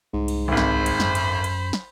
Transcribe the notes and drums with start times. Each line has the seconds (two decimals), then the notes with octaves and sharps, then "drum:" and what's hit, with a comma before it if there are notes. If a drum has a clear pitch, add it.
0.14 C2 G#2
0.28 drum: cymbal
0.48 G#1 D2 C5 B5
0.57 drum: snare
0.86 drum: cymbal
1.00 F#2, drum: snare
1.15 drum: cymbal
1.44 drum: cymbal
1.73 drum: snare